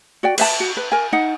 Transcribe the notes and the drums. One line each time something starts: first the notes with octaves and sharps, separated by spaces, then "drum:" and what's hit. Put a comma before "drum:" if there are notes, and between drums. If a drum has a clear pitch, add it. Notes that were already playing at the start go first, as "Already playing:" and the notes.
F#4 D5 G5
B4 E5 A5, drum: cymbal
F#4
B4
A#4 G#5
D#4 F#5